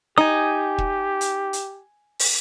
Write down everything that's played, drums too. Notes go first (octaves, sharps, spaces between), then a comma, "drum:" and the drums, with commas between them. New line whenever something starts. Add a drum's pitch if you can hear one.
D#4 G4 G#5 D#6
drum: kick
drum: hi-hat
drum: hi-hat
drum: open hi-hat